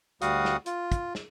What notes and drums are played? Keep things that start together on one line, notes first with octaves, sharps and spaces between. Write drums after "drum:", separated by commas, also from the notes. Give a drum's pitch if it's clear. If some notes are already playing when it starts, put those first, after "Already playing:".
D2 G3 F#4 F5 F#5 D#6, drum: hi-hat
drum: snare
F4, drum: hi-hat
drum: kick, hi-hat
drum: snare